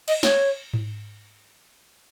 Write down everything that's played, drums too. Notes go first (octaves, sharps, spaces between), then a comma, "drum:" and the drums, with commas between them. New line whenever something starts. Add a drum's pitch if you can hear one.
D#5, drum: cymbal
C#5, drum: snare
drum: tom G#2